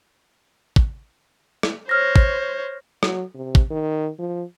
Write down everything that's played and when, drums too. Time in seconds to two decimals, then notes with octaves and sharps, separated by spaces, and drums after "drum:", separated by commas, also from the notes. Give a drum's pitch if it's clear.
0.76 drum: kick
1.63 drum: rim click
1.89 C5 C#5 F6 A#6
2.16 drum: kick
3.03 F#3, drum: rim click
3.35 C3
3.55 drum: kick
3.71 D#3
4.19 F3